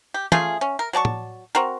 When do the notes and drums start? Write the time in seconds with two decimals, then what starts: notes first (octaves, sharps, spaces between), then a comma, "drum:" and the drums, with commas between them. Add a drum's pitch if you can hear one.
0.14 G4
0.32 A3 C#4 F4 G#4, drum: tom
0.61 C#4
0.79 A#4
0.93 F#3 D5 A5 C#6
1.05 drum: tom
1.55 C4 F#4 A#4